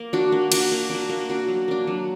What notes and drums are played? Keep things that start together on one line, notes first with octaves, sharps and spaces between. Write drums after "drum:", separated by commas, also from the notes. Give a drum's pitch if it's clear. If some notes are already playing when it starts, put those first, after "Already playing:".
Already playing: A#3
D4 F#4
A#3
D4 F#4, drum: cymbal
A#3
D4 F#4
A#3
D4 F#4
F#3
A#3 D4
F#3